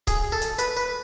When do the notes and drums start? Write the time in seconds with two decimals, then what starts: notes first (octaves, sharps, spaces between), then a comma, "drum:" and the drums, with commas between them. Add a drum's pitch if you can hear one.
0.07 G#4, drum: kick C#1, hi-hat
0.32 A4
0.42 drum: hi-hat
0.59 B4, drum: hi-hat
0.77 B4